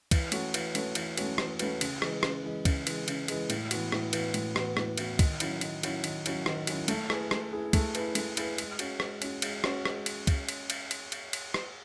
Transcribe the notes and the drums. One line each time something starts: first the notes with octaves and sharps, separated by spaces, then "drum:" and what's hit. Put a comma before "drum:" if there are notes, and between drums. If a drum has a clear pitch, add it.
E3, drum: kick, cymbal
A3 C#4 F#4 B4, drum: cymbal
E3, drum: cymbal
A3 C#4 F#4 B4, drum: cymbal
E3, drum: cymbal
A3 C#4 F#4 B4, drum: cymbal
E3, drum: rim click
A3 C#4 F#4 B4, drum: cymbal
C#3, drum: cymbal
E3 G#3, drum: rim click
C#3, drum: rim click
E3 G#3
C#3, drum: kick, cymbal
E3 G#3, drum: cymbal
C#3, drum: cymbal
E3 G#3, drum: cymbal
A2, drum: cymbal
E3 B3 F#4, drum: cymbal
A2, drum: rim click
E3 B3 F#4, drum: cymbal
A2, drum: cymbal
E3 B3 F#4, drum: rim click
A2, drum: rim click
E3 B3 F#4, drum: cymbal
D#3, drum: kick, cymbal
F#3 C#4 E4, drum: cymbal
D#3, drum: cymbal
F#3 C#4 E4, drum: cymbal
D#3, drum: cymbal
F#3 C#4 E4, drum: cymbal
D#3, drum: rim click
F#3 C#4 E4, drum: cymbal
A3, drum: cymbal
E4 G#4 B4, drum: rim click
A3, drum: rim click
E4 G#4 B4
A3, drum: kick, cymbal
E4 G#4 B4, drum: cymbal
A3, drum: cymbal
E4 G#4 B4, drum: cymbal
G#3, drum: cymbal
C#4 F#4, drum: cymbal
G#3, drum: rim click
C#4 F#4, drum: cymbal
G#3, drum: cymbal
C#4 F#4, drum: rim click
G#3, drum: rim click
drum: cymbal
drum: kick, cymbal
drum: cymbal
drum: cymbal
drum: cymbal
drum: cymbal
drum: cymbal
drum: rim click